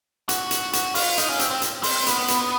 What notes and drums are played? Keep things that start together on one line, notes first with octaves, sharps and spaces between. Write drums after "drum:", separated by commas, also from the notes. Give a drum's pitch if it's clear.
F#4, drum: hi-hat
drum: hi-hat
F#4, drum: hi-hat
F4, drum: open hi-hat
D#4, drum: hi-hat
C#4
C4, drum: hi-hat
C4
drum: hi-hat
C4, drum: open hi-hat
B3, drum: hi-hat
drum: hi-hat